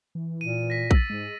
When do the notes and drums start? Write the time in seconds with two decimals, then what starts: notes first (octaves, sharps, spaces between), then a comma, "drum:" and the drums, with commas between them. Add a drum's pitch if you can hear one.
0.15 E3
0.41 A#2 D#7
0.70 A#6 B6
0.91 E6 A6, drum: kick
1.10 G#2 G#3